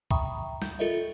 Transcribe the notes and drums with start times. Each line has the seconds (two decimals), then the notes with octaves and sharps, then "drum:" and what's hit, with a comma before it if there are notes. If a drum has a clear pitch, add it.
0.11 E5 G5 A#5 B5 C#6 D#6, drum: kick C#2
0.62 G6, drum: snare
0.79 F4 A4 A#4 D#5 E5